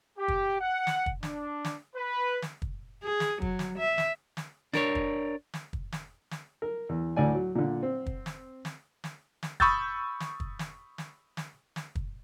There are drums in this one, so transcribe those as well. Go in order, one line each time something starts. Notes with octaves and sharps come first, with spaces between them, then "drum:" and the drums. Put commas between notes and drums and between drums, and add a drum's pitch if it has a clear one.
G4
drum: kick
F#5
drum: snare
drum: kick
D4, drum: snare
drum: snare
B4
drum: snare
drum: kick
G#4
drum: snare
F#3, drum: kick
drum: snare
E5
drum: snare
drum: snare
D4 A#4 C#5, drum: snare
drum: kick
drum: snare
drum: kick
drum: snare
drum: snare
A#4
E2
D2 A2 D5 G#5
F#3
A#2 D3
C4
drum: kick
drum: snare
drum: snare
drum: snare
drum: snare
B5 C#6 D#6 E6 G6 A6, drum: kick
drum: snare
drum: kick
drum: snare
drum: snare
drum: snare
drum: snare
drum: kick